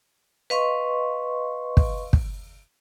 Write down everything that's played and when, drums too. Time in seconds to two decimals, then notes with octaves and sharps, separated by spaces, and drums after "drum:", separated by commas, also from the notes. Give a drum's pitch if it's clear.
0.50 B4 D#5 F5 C6 C#6
1.77 drum: kick
2.13 drum: kick